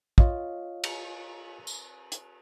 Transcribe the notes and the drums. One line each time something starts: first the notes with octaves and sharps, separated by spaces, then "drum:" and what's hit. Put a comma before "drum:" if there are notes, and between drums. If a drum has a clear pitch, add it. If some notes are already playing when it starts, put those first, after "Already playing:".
F4 C#5 D#5 F5, drum: kick
drum: cymbal
drum: tambourine
drum: hi-hat